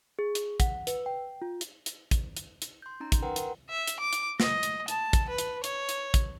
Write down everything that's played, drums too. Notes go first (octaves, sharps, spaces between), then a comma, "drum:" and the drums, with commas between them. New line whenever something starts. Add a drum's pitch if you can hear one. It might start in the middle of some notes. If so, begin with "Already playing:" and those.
G#4
drum: hi-hat
F#5, drum: kick, hi-hat
B4, drum: hi-hat
G5
F4
drum: hi-hat
drum: hi-hat
drum: kick, hi-hat
drum: hi-hat
drum: hi-hat
C6 G6
C#4 D#4 A#5
drum: kick, hi-hat
A#4 B4 F#5 G5 A#5 C6
A#4, drum: hi-hat
E5
drum: hi-hat
D6
drum: hi-hat
D#5, drum: snare
drum: hi-hat
A5, drum: hi-hat
drum: kick, hi-hat
B4
drum: hi-hat
C#5, drum: hi-hat
drum: hi-hat
drum: kick, hi-hat